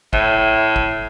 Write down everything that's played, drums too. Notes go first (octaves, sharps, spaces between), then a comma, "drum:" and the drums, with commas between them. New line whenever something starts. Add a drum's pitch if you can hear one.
A2, drum: kick
drum: kick